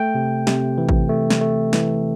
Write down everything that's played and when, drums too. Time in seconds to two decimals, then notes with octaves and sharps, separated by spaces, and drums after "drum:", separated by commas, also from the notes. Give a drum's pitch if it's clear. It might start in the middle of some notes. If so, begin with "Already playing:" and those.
Already playing: A3 G5
0.15 C3
0.47 C3, drum: snare
0.78 E3
0.89 drum: kick A1
1.09 A3
1.30 drum: snare
1.41 A3
1.73 E3, drum: snare